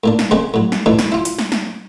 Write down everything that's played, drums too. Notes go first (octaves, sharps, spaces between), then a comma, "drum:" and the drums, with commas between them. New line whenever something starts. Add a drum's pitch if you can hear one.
A2 A#3 D4
drum: snare
C#3 G#3 A#3 C4 C#4
A2 F#3
drum: snare
A2 E3 D4 D#4
drum: snare
E4 F4
drum: hi-hat
drum: snare
drum: snare